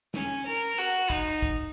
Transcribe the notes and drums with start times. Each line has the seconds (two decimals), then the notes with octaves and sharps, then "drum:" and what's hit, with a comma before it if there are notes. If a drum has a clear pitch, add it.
0.14 C#4, drum: snare
0.46 A#4
0.78 F#4, drum: open hi-hat
1.10 D#4, drum: kick
1.42 drum: kick